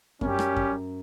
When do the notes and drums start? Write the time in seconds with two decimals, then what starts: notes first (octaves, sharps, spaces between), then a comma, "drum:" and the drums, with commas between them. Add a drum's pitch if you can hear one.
0.21 F#2 G3 C#4 G4, drum: kick F#2
0.39 drum: rim click
0.57 drum: kick F#2